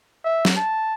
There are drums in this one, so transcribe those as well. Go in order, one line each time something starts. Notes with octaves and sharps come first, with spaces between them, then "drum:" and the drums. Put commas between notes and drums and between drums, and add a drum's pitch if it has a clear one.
E5
drum: snare
A5